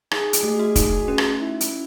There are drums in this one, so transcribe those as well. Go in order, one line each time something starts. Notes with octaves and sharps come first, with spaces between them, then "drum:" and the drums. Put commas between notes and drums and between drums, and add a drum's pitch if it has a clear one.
D#4 G#4, drum: rim click
drum: hi-hat
A3
F#4
D#4, drum: kick, hi-hat
C#4
drum: rim click
E4
drum: hi-hat